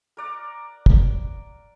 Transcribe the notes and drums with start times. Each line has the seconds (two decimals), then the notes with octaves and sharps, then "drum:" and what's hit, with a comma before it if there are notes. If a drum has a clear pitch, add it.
0.17 A#4 D5 F#5
0.86 drum: kick